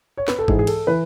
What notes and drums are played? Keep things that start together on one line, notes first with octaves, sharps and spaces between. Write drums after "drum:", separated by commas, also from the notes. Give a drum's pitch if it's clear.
C#5
B4, drum: snare
A4
G#2 E3 G#4, drum: kick G1
G#4
A4, drum: cymbal
E3 B4